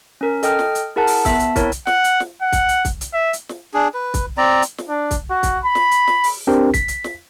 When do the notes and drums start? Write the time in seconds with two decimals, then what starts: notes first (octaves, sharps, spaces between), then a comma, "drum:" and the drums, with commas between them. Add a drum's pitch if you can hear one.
0.21 C#4 A#4
0.43 A4 D#5 G5 D#6 F6, drum: hi-hat
0.59 drum: snare
0.75 drum: hi-hat
0.96 E4 G#4 A#4 F#5 A5 F#6
1.07 drum: open hi-hat
1.25 B3 E5 A5 E6, drum: kick, hi-hat
1.40 drum: hi-hat
1.56 C4 E4 A#4 C#5, drum: kick, hi-hat
1.72 drum: hi-hat
1.87 F#5, drum: snare
2.04 drum: hi-hat
2.20 drum: snare
2.42 F#5
2.52 drum: kick, hi-hat
2.69 drum: hi-hat
2.85 drum: kick, hi-hat
3.01 drum: hi-hat
3.14 E5
3.33 drum: hi-hat
3.49 drum: snare
3.74 D4 G#4
3.94 B4
4.14 drum: kick, hi-hat
4.37 C4 D5 A#5
4.62 drum: hi-hat
4.78 drum: snare
4.89 D4
5.11 drum: kick, hi-hat
5.30 F#4
5.43 drum: kick, hi-hat
5.64 B5
5.75 drum: snare
5.91 drum: hi-hat
6.07 drum: snare
6.24 drum: open hi-hat
6.47 C4 D4 G4 A#4
6.74 B6, drum: kick, hi-hat
6.88 drum: hi-hat
7.04 drum: snare